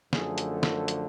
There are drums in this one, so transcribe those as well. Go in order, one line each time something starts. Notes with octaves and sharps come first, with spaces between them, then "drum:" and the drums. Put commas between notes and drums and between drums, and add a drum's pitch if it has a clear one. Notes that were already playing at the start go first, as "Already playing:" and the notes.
F#2 D3 F3 A3 G#4, drum: snare
drum: hi-hat
drum: snare
drum: hi-hat